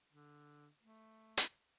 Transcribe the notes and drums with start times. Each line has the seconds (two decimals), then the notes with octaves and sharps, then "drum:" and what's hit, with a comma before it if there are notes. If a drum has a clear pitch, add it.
0.12 D3
0.81 A3
1.37 drum: hi-hat